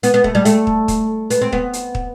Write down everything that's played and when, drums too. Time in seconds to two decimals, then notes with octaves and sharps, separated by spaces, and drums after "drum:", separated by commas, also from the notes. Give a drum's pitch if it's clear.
0.03 B3, drum: hi-hat
0.14 B3
0.24 A3, drum: kick
0.35 G3
0.45 A3, drum: hi-hat
0.67 drum: kick
0.88 drum: kick, hi-hat
1.30 B3, drum: hi-hat
1.41 C4
1.53 B3, drum: kick
1.73 drum: hi-hat
1.95 drum: kick